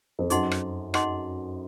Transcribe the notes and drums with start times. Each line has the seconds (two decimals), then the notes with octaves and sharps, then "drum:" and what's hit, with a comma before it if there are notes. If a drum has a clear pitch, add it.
0.19 F2
0.30 F#2 D#4 G#4 D#5 F#5 C6, drum: hi-hat
0.51 drum: rim click
0.94 D#4 G#4 D#5 F#5 C6, drum: rim click